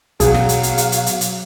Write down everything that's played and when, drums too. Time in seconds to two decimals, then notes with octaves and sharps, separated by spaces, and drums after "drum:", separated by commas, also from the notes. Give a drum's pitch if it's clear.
0.20 B2 F#3 G#4 F5, drum: kick, hi-hat
0.34 drum: snare
0.49 drum: hi-hat
0.63 drum: hi-hat
0.78 drum: hi-hat
0.92 drum: hi-hat
1.06 drum: hi-hat
1.21 drum: hi-hat